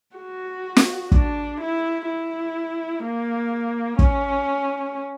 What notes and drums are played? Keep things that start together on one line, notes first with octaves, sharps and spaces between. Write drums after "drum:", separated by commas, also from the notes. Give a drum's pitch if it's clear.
F#4
drum: snare
D4, drum: kick
E4
E4
A#3
C#4, drum: kick